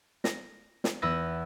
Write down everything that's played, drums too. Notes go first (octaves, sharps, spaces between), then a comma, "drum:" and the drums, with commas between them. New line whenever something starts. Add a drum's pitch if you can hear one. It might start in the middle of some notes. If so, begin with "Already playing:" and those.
A#6, drum: snare
drum: snare
E2 B3 B4 E5 E6 A#6